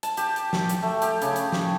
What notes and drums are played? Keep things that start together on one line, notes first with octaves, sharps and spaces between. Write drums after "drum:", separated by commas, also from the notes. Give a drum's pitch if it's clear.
A5, drum: hi-hat
G4, drum: hi-hat
drum: hi-hat
drum: snare
drum: hi-hat
A3
G4, drum: hi-hat
C#3, drum: hi-hat
drum: hi-hat
drum: snare